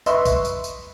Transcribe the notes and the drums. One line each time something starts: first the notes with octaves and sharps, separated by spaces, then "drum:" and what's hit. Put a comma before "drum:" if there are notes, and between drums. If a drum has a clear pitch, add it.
B4 D#5 E5 C6 C#6 E6, drum: tambourine
drum: kick B1, tambourine
drum: tambourine
drum: tambourine